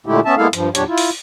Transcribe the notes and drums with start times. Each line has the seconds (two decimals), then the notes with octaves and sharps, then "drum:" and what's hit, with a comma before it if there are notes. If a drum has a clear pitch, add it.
0.06 A#2 D3 G#3 A3 E4 G4
0.25 B3 C#4 E5 A5
0.37 G#3 A#3 B3 E4 A4 F5
0.53 G2 F3, drum: hi-hat
0.75 E2 A#2 F#3 D4 G4 C#5, drum: hi-hat
0.88 E4 F4
0.98 drum: open hi-hat